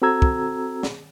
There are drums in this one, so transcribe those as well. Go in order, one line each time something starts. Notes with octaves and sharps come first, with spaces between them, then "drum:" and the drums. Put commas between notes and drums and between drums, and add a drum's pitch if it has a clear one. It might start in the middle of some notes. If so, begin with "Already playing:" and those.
C4 F#4 A4 A#5 E6 G#6
drum: kick
drum: snare